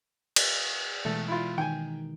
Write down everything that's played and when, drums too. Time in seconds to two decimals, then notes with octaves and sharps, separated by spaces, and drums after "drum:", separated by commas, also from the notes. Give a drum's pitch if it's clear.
0.36 drum: cymbal
1.05 B2 E3 G#3 A3
1.28 E4 F4
1.58 D#3 D#4 G5 G#5